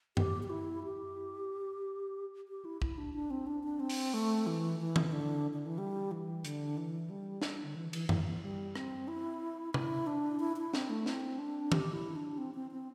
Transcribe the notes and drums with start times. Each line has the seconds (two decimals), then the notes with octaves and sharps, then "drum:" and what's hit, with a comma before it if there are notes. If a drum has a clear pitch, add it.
0.17 G4, drum: tom F#2
0.43 G4
0.50 E4
0.84 G4
2.48 G4
2.65 E4
2.82 E4, drum: kick
2.98 D4
3.14 D4
3.30 C4
3.47 D4
3.64 D4
3.80 C4
3.90 drum: open hi-hat
4.14 A3
4.47 E3
4.80 E3
4.96 drum: tom
5.12 D3
5.54 D3
5.66 E3
5.78 G3
6.11 E3
6.45 D3, drum: hi-hat
6.77 E3
7.10 G3
7.42 drum: snare
7.64 D3
7.76 E3
7.93 E3, drum: cymbal
8.09 E3, drum: tom F#2
8.25 E3
8.42 G3
8.76 C4, drum: rim click
9.08 E4
9.74 E4, drum: tom C3
10.07 D4
10.40 E4
10.57 E4
10.74 C4, drum: snare
10.90 A3
11.06 C4, drum: snare
11.39 D4
11.72 G4, drum: tom
11.93 E4
12.16 D4
12.38 C4
12.54 C4
12.71 C4